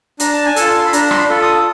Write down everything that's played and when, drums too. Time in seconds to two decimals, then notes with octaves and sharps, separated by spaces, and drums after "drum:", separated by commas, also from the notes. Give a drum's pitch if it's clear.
0.20 D4 A#5, drum: hi-hat
0.33 A5
0.45 G#5
0.56 F4 A4 A5, drum: hi-hat
0.78 C6
0.86 B5
0.93 D4 A#5, drum: hi-hat
1.11 C6, drum: rim click
1.18 B5
1.30 F4 A4
1.42 D#6